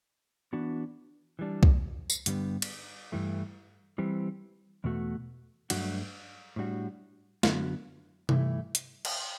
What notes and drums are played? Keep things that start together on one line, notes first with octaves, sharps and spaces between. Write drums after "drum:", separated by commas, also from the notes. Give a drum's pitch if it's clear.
E3 B3 D4 F#4
E3 G3 D4
drum: kick C2
drum: tambourine
G2 D3 G3 B3, drum: hi-hat
drum: cymbal
G2 E3 A3
E3 G3 C4
E2 B2 A3 F#4
G2 F#3 A3 D4 F#4, drum: cymbal
A2 G3 D4 F#4
F#2 D3 F#3 B3 F#4, drum: snare
G2 E3 A3 E4, drum: tom C3
drum: hi-hat
drum: cymbal